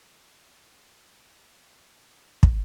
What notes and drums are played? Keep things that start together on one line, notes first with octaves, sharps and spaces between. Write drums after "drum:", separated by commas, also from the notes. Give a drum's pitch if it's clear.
A#4 A5
drum: kick